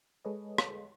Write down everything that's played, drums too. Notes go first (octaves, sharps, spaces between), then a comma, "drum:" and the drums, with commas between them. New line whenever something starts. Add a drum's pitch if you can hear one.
G#3 G#4 A4 B4 C#5 D#5
drum: rim click